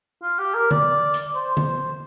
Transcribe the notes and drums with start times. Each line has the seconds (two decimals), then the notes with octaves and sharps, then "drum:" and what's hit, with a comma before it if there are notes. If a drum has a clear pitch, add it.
0.22 F4
0.39 G4
0.54 A#4
0.71 D5, drum: tom D3
1.14 drum: hi-hat
1.35 C5
1.57 drum: tom D3